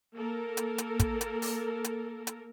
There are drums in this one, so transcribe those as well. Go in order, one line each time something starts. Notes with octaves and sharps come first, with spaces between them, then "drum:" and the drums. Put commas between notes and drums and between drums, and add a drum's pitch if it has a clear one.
A#3 A4 A#4
drum: hi-hat
drum: hi-hat
drum: kick, hi-hat
drum: hi-hat
drum: open hi-hat
drum: hi-hat
drum: hi-hat